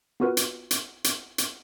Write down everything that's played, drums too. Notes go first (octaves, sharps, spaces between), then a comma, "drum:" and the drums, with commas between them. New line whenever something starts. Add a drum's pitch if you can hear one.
B3 F4 F#4 A#4 B4
drum: hi-hat
drum: hi-hat
drum: hi-hat
drum: hi-hat